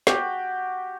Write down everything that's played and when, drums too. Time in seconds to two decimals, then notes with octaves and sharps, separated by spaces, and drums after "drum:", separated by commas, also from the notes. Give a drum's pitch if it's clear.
0.07 F#4 G4, drum: snare